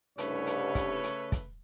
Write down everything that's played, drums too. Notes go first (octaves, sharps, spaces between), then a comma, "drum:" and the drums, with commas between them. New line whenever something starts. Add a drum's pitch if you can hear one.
C2 G2 C#3 A3 B4 C#5, drum: hi-hat
drum: hi-hat
drum: kick, hi-hat
drum: hi-hat
drum: kick, hi-hat